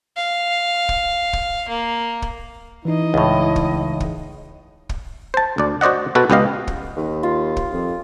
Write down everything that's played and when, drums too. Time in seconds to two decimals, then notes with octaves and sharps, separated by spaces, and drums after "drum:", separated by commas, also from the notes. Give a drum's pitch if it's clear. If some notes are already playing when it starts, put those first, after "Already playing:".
0.16 F5
0.89 drum: kick
1.33 drum: kick
1.69 A#3
2.22 drum: kick
2.85 E3 D#4 E4 D#5
3.14 C#2 A2
3.56 drum: kick
4.00 drum: kick
4.89 drum: kick
5.34 C5 A5
5.58 D2 D5
5.81 F#4 C5 D5 D#5 F#5
6.15 B2 F#4 A4 B4
6.30 C#2 B3 G4 D#5 F5
6.67 drum: kick
6.96 D#2
7.23 F4
7.57 drum: kick
7.72 F2